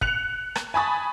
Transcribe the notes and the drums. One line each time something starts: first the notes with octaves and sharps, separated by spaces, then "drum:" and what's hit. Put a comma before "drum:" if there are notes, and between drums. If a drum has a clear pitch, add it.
F#6 C#7 F7, drum: kick
drum: rim click
G#5 A5 B5 C#6 D#6 A6